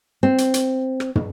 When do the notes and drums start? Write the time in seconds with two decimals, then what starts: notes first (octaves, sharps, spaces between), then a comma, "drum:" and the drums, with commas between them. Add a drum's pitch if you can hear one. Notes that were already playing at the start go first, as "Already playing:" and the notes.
0.23 C4
0.38 drum: hi-hat
0.54 drum: hi-hat
1.00 drum: rim click
1.15 drum: tom